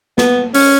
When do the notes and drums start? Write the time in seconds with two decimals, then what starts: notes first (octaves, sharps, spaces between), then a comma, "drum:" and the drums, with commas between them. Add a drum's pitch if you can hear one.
0.18 B3, drum: snare
0.55 C#4, drum: open hi-hat